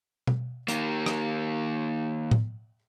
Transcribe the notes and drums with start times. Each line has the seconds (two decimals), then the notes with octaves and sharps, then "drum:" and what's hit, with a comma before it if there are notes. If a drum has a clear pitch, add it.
0.27 drum: tom
0.68 D#3 A#3, drum: hi-hat
1.06 drum: rim click
2.31 drum: tom A2